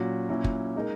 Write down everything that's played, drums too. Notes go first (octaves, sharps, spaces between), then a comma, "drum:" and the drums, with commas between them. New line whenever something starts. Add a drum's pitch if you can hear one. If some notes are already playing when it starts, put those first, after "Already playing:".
Already playing: A#2 F#3 C#4 F#4
A#2 F#3 C#4 E4
drum: kick
G#3 D#4 A#4